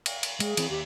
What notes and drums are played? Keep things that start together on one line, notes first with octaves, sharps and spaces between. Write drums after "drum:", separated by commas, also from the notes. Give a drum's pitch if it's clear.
drum: cymbal
drum: cymbal
G#3 G#4, drum: cymbal
E3 C4, drum: cymbal
D#2 G4 E5